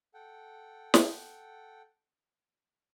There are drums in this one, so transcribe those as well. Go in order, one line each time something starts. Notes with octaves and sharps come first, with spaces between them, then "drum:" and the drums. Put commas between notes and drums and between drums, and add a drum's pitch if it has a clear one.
A4 F#5 G5
drum: snare